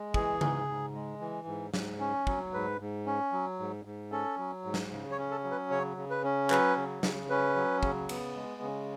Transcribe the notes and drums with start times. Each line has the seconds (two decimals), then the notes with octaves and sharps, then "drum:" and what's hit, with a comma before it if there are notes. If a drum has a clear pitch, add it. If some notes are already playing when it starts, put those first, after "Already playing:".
Already playing: G#3
0.14 E3 G#4, drum: kick
0.41 G#2, drum: tom C#3
0.68 G#2
0.94 G#3
1.20 E3
1.47 G#2
1.74 G#2, drum: snare
2.00 C#4
2.27 F#3, drum: kick
2.53 G#2 B4
2.80 G#2
3.06 C#4
3.32 F#3
3.59 G#2
3.85 G#2
4.12 C#4 A4
4.38 F#3
4.65 G#2
4.74 drum: snare
4.92 C#3
5.11 C#5
5.18 C#4
5.31 A4
5.44 F#3
5.51 B4
5.71 C#3 C#5
5.97 C#3
6.10 B4
6.24 C#4
6.50 F#3 B4, drum: clap
6.77 C#3
7.03 C#3, drum: snare
7.30 C#4 B4
7.56 F#3
7.83 C#3, drum: kick
8.09 B3, drum: cymbal
8.36 G#3
8.62 C#3